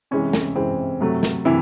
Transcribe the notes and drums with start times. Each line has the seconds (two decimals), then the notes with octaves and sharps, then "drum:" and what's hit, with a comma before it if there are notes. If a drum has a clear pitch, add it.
0.11 C3 E3 G#3 C#4
0.33 drum: snare
0.56 C3 E3 G#3 C4
1.01 C3 F#3 A3
1.23 drum: snare
1.45 C3 E3 E4